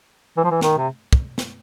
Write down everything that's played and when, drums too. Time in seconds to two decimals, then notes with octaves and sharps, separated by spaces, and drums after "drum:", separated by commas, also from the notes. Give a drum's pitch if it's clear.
0.37 E3
0.44 F3
0.51 E3
0.61 D#3, drum: snare
0.77 C3
1.13 drum: kick
1.38 drum: snare